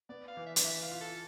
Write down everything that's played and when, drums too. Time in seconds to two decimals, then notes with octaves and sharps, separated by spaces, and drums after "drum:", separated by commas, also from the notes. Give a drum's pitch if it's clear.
0.09 B3 D5
0.28 F5
0.37 E3
0.46 E5
0.56 D5, drum: hi-hat
0.64 E3 E5
0.82 F5
0.91 F4
1.01 A4